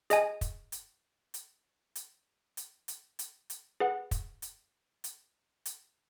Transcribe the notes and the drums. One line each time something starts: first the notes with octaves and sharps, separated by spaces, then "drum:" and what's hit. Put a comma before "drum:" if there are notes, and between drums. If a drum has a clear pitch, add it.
G#4 D#5 G#5, drum: hi-hat
drum: kick, hi-hat
drum: hi-hat
drum: hi-hat
drum: hi-hat
drum: hi-hat
drum: hi-hat
drum: hi-hat
drum: hi-hat
G#4 B4 F#5
drum: kick, hi-hat
drum: hi-hat
drum: hi-hat
drum: hi-hat